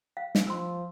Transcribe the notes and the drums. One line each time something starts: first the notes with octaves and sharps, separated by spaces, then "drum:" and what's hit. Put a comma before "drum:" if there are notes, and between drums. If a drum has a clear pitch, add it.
F5
drum: snare
F3 C6 E6